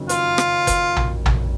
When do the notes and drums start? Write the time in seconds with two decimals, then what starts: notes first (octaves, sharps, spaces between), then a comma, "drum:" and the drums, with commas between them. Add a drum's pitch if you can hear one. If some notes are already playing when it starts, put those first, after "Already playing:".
Already playing: F#1 F2 D#3 F#3 C#4
0.09 F4, drum: hi-hat
0.38 drum: rim click
0.67 drum: kick F#1, hi-hat
0.96 drum: tom A#1
1.26 drum: tom A#1